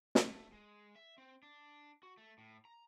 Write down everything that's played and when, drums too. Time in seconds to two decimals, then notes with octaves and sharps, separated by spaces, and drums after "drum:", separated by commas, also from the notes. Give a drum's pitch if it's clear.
0.15 drum: snare
0.30 A3
0.52 G#3
0.96 E5
1.18 C4
1.43 D4
2.03 F#4
2.17 A3
2.38 A2
2.65 A#5